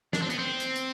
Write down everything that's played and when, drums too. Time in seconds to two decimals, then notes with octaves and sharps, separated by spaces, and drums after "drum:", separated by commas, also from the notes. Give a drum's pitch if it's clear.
0.13 D4, drum: snare
0.22 C4
0.30 B3, drum: hi-hat
0.39 C4
0.60 drum: hi-hat
0.76 drum: hi-hat